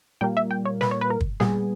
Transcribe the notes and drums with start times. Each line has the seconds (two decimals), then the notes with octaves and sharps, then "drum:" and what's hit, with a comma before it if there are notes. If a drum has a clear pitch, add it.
0.21 A#2 G3 A#3 G5
0.37 E5
0.51 G5
0.65 C#5
0.81 B4, drum: snare
0.91 C#5
1.01 B4
1.10 A#4
1.20 drum: kick
1.40 A#2 G3 B3 G#4, drum: snare